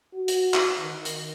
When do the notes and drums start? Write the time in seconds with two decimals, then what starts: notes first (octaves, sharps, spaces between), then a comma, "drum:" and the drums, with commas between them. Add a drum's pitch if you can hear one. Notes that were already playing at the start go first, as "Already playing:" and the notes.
0.14 F#4
0.28 drum: hi-hat
0.54 drum: clap
0.80 D#3
1.05 drum: hi-hat